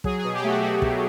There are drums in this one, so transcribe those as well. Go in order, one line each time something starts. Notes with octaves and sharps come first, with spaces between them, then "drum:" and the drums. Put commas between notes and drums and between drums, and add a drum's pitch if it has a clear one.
F#3 G#4, drum: kick
B2 G#4
G4
A3 F#4
A3 F#4
B2, drum: kick